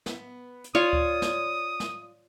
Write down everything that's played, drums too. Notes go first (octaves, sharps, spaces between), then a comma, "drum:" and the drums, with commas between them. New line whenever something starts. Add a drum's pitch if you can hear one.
B3, drum: snare
drum: hi-hat
F4 C#5 D5 D#6
drum: kick D2
drum: snare
drum: snare